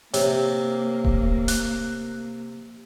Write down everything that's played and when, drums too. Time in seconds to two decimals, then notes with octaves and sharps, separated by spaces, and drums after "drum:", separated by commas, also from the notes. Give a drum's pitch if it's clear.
0.14 C3 A#3 C#5, drum: hi-hat
1.05 drum: kick D#1
1.48 F#6, drum: hi-hat